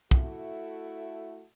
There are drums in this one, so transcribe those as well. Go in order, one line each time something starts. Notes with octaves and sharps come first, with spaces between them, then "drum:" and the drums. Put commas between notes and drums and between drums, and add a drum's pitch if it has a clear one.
A3 E4 F#4 A4, drum: kick